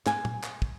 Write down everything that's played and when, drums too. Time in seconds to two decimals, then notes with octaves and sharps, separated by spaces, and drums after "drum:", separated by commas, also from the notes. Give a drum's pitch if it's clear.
0.06 G#5, drum: clap
0.25 drum: tom
0.43 drum: clap
0.62 drum: kick